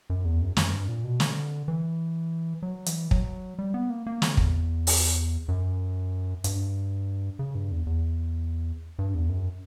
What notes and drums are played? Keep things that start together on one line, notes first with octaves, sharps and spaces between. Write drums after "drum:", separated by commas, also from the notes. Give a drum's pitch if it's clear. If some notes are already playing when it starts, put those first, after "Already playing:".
F#2
E2
F#2
F#2, drum: snare
G2
A#2
B2
D3, drum: snare
E3
F#3
E3, drum: hi-hat
F#3, drum: kick
G3
B3
A#3
A#3
D3, drum: snare
E2, drum: kick
drum: open hi-hat
F#2
G2, drum: hi-hat
C#3
G2
E2
E2
G2
E2
F#2